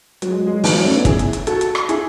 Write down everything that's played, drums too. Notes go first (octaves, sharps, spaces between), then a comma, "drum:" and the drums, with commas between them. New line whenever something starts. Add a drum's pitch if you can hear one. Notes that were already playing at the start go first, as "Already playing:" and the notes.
F#3, drum: hi-hat
G#3
F#3
G#3
F#3
E3, drum: open hi-hat
F#3
A3 C#4
B3 D4
E4 G#4, drum: kick, hi-hat
drum: hi-hat
drum: hi-hat
F#4 A4, drum: hi-hat
drum: hi-hat
drum: rim click
E4 G#4, drum: hi-hat